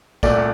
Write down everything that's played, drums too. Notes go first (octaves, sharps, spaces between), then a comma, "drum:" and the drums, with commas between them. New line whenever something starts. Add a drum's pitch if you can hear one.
C2 A#2 A3 D5, drum: kick, tambourine